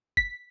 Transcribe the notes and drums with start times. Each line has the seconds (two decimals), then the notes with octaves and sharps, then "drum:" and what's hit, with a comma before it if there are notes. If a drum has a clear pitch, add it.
0.17 B6, drum: kick F#1